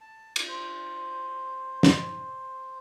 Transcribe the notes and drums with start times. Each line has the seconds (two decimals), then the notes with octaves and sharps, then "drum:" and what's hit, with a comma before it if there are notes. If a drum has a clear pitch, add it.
0.01 A5
0.36 drum: cymbal
0.48 C5
1.83 drum: snare